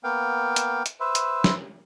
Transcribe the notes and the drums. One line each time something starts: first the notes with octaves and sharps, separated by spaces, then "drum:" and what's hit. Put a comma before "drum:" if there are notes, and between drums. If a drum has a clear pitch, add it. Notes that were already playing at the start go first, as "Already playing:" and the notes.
A#3 B3 F5 G5
drum: hi-hat
drum: hi-hat
B4 C5 E5
drum: hi-hat
drum: snare